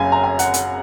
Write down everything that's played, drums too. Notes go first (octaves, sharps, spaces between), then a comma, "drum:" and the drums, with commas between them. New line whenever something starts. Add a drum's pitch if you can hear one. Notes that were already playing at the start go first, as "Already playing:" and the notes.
Already playing: F#1 F#2 C#3 F5 G#5
A#5
G#5
F#5, drum: hi-hat
drum: hi-hat